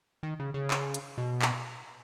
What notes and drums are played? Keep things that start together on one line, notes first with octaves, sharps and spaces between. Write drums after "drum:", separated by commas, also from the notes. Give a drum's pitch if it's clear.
D#3
C#3
C#3
drum: clap
drum: hi-hat
B2
drum: clap